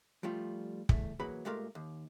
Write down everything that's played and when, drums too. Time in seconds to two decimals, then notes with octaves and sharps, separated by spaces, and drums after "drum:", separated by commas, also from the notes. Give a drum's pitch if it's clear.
0.23 F3 G3 A3 F4
0.89 E2 A3, drum: kick
1.19 E2 F#3 A#3 G#4 B4 B5
1.45 A#2 G#3 A3 G4 A#4 F5
1.75 D#2